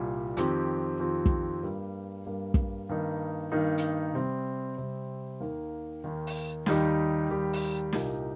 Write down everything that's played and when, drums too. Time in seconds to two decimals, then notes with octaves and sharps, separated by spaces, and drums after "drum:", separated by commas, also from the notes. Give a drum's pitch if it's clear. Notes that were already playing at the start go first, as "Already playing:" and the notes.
Already playing: C2 A#2 G3
0.37 F2 D#3 C4 G4, drum: hi-hat
1.00 F2 D#3 C4 G4
1.26 drum: kick
1.63 G2 G3 A#3
2.26 G2 G3 A#3
2.54 drum: kick
2.89 G2 D#3 A#3 D#4
3.52 G2 D#3 A#3 D#4
3.78 drum: hi-hat
4.14 C3 G3 C4
4.78 C3 G3 C4
5.40 D#2 D#3 A#3
6.04 D#2 D#3 A#3
6.27 drum: open hi-hat
6.66 D#2 D#3 G3 D#4 G4, drum: snare
7.29 D#2 D#3 G3 D#4 G4
7.53 drum: open hi-hat
7.93 C2 A#2 A#3 D#4 G4, drum: snare